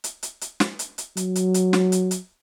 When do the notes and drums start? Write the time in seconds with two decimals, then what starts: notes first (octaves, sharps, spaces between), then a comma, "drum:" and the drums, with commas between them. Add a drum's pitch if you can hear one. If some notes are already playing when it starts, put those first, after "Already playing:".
0.04 drum: hi-hat
0.23 drum: hi-hat
0.41 drum: hi-hat
0.60 drum: snare
0.79 drum: hi-hat
0.98 drum: hi-hat
1.17 F#3, drum: hi-hat
1.35 drum: hi-hat
1.54 drum: hi-hat
1.73 drum: snare
1.92 drum: hi-hat
2.11 drum: hi-hat